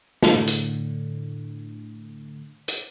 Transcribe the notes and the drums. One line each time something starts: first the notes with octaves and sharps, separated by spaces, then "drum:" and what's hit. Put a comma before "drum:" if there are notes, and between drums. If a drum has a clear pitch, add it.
A2 D3, drum: snare
drum: hi-hat
drum: hi-hat